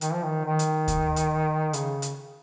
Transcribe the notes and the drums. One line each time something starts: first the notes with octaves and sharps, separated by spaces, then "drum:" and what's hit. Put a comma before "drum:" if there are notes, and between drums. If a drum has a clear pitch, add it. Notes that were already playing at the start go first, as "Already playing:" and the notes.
D#3, drum: hi-hat
F3
D#3
D#3
drum: hi-hat
drum: kick D2, hi-hat
drum: hi-hat
C#3, drum: hi-hat
drum: hi-hat